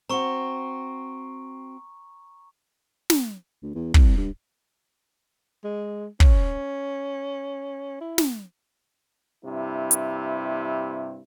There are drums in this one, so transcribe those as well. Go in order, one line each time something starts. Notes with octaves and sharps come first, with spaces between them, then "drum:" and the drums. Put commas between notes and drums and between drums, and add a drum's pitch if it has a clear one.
C4 F#4 A#5 C#6
drum: snare
D2
E2
C2, drum: kick
G2
G#3
C#4, drum: kick
E4
drum: snare
G2 C3 E4
drum: hi-hat